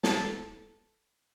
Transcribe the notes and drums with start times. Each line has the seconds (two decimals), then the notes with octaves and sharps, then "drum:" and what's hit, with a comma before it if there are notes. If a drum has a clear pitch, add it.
0.03 A4, drum: snare